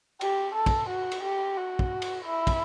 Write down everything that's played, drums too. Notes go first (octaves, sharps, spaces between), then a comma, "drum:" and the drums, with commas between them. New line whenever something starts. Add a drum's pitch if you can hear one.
G4, drum: cymbal
A4
drum: kick, cymbal
F#4
drum: cymbal
G4
F#4
drum: kick
drum: cymbal
E4
drum: kick, cymbal